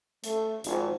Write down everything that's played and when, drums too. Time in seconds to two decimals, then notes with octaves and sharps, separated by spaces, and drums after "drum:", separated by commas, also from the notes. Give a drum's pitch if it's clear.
0.24 A3, drum: hi-hat
0.64 G#1 F3, drum: hi-hat